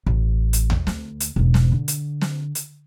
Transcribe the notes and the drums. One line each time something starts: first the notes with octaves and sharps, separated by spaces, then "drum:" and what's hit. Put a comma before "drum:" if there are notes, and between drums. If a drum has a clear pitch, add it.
A1
drum: hi-hat
drum: tom D#2
D2, drum: snare
drum: hi-hat
E1 G#2
drum: snare
D3
drum: hi-hat
drum: snare
drum: hi-hat